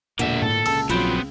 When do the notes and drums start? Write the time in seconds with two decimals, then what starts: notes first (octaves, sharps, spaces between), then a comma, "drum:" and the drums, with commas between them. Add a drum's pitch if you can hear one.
0.19 E1 A#2 D3 A#3 E5 F#5, drum: hi-hat
0.42 A2 A4, drum: tom G#2
0.66 C#2 A5 E6, drum: cymbal
0.90 A#1 F#3 B3 C4 F4 B5 G6, drum: hi-hat